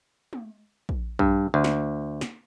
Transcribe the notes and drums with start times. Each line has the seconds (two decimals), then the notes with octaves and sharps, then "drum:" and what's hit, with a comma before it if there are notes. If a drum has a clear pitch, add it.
0.33 drum: tom
0.89 drum: kick A#1
1.19 G2, drum: kick A#1
1.54 D2
1.64 drum: snare
2.21 drum: snare